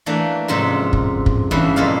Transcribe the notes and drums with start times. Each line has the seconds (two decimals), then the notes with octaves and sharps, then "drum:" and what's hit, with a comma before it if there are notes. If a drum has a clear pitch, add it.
0.06 E3 A3 A#3 D4
0.48 F2 G#2 C3 C#4 E5
0.93 drum: kick
1.26 drum: kick
1.51 E2 G2 C#3 B4 E5
1.76 F2 A#2 G#3 A4 F5